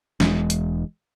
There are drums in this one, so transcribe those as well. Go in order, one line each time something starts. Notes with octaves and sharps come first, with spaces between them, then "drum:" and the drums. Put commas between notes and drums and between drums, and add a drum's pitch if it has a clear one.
E1 E2 E3 G#3, drum: snare
drum: hi-hat